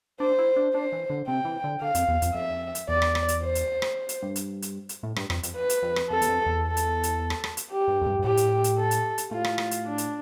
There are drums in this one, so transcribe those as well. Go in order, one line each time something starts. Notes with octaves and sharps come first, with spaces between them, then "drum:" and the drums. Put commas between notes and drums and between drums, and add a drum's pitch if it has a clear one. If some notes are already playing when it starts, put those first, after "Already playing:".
D4 C5
E4
D4
D4 C5
E3
D3
C3 G5
E3
D3
D3 F5
F2, drum: hi-hat
E2
F2, drum: hi-hat
F2 E5
drum: hi-hat
E2 D5
drum: rim click
drum: rim click
drum: hi-hat
C5
drum: hi-hat
drum: rim click
drum: hi-hat
G2
drum: hi-hat
drum: hi-hat
drum: hi-hat
A2
G2, drum: rim click
F2, drum: rim click
F2, drum: hi-hat
B4
drum: hi-hat
F2
drum: rim click
F2 A4
E2, drum: hi-hat
F2
E2
A4
drum: hi-hat
drum: hi-hat
drum: rim click
drum: rim click
drum: hi-hat
G4
G2
F2
G2
G2
A2 G4
drum: hi-hat
drum: hi-hat
A4
drum: hi-hat
drum: hi-hat
A2 F4
drum: rim click
drum: rim click
drum: hi-hat
D4
drum: hi-hat